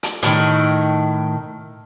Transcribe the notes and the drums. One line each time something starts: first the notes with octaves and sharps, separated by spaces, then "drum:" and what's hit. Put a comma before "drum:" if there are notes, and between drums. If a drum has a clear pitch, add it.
drum: hi-hat
A2 D#3, drum: hi-hat